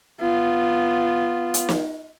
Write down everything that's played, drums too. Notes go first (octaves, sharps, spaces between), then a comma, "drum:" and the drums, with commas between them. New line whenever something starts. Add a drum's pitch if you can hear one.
B3 F4
drum: hi-hat
drum: snare